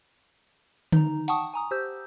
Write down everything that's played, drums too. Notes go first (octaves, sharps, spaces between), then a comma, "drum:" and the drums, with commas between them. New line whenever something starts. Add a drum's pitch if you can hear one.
D#4 A#5, drum: tom D3
F#5 G5 A5 C#6 D#6, drum: hi-hat
G#5 A#5 D#6
G4 C5 E6 G6